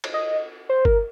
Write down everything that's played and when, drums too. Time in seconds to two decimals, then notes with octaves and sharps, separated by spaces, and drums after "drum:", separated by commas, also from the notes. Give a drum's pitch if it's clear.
0.04 drum: cymbal
0.14 D#5
0.69 C5
0.85 A#4, drum: kick G1